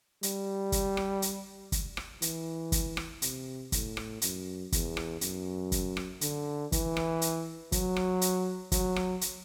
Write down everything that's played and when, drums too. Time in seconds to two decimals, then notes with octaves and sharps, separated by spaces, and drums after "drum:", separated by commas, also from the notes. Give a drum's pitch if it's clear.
0.23 G3, drum: hi-hat
0.72 drum: kick, hi-hat
0.97 drum: rim click
1.22 drum: hi-hat
1.72 drum: kick, hi-hat
1.97 drum: rim click
2.22 E3, drum: hi-hat
2.72 drum: kick, hi-hat
2.97 drum: rim click
3.22 C3, drum: hi-hat
3.72 A2, drum: kick, hi-hat
3.97 drum: rim click
4.22 F#2, drum: hi-hat
4.72 E2, drum: kick, hi-hat
4.97 drum: rim click
5.21 F#2, drum: hi-hat
5.72 drum: kick, hi-hat
5.97 drum: rim click
6.21 D3, drum: hi-hat
6.72 E3, drum: kick, hi-hat
6.97 drum: rim click
7.22 drum: hi-hat
7.72 F#3, drum: kick, hi-hat
7.96 drum: rim click
8.21 drum: hi-hat
8.72 F#3, drum: kick, hi-hat
8.96 drum: rim click
9.21 drum: hi-hat